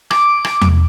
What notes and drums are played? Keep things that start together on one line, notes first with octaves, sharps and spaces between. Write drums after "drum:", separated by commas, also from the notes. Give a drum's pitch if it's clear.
D6, drum: rim click
drum: rim click
drum: tom E2